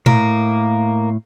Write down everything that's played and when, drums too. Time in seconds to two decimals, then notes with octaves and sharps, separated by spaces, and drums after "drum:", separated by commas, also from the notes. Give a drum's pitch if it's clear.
0.06 A2 A#3, drum: tom A#2